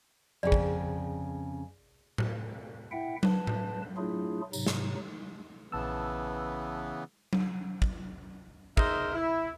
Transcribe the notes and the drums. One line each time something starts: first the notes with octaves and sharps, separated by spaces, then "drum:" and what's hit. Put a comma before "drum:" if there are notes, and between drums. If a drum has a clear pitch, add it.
F2 C#3 G#4 D5
drum: kick
drum: tom A2
E4 E5 F#5 G5
B4 A5, drum: tom F#3
drum: tom A2
F#3 A3 D4 E4 F4 G#4
G#2 C3 F#3 D#4, drum: tambourine
drum: snare
A#1 C#3 E3 B3 A5 E6
drum: tom F#3
drum: kick
D#4 G#4 A#4 C5 E5, drum: kick
E4